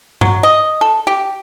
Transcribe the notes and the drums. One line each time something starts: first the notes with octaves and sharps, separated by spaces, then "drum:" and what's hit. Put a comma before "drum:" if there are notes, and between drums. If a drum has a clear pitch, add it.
F#3, drum: tom G2
D#5
A4
G4